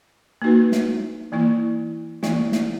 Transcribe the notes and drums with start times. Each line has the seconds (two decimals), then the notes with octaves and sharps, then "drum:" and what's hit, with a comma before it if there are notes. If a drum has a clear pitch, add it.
0.42 A#3 D#4 F#4 B4
0.72 drum: snare
1.32 E3 A#3 E4
2.23 E3 A#3 E4, drum: snare
2.52 drum: snare